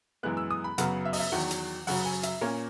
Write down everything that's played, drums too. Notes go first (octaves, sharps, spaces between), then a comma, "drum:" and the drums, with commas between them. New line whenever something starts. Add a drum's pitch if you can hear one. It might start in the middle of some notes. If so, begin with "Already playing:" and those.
F#2 E3 G#3 B3 F#6
E6
D#6
B5
F#2 C#3 F#3 B3 F#5, drum: hi-hat
E5
D#5, drum: open hi-hat
E5
E2 D#3 F#3 F#5
drum: hi-hat
F#2 C#3 F#3 F#5, drum: open hi-hat
G#5
E5, drum: hi-hat
A#2 A#3 C#4 C#5